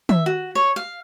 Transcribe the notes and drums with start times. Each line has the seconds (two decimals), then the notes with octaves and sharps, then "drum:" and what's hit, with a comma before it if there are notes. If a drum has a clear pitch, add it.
0.09 E5, drum: tom
0.26 F#4
0.55 C#5
0.76 F5